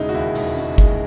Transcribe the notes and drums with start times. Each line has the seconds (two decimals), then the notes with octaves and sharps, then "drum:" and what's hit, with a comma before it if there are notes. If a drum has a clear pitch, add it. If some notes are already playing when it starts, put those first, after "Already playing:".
Already playing: E1 C#3 G#3 D#4 E4
0.09 F#4
0.14 D#2 E4
0.35 E1 D#4, drum: open hi-hat
0.57 C#3
0.78 G#3, drum: kick, hi-hat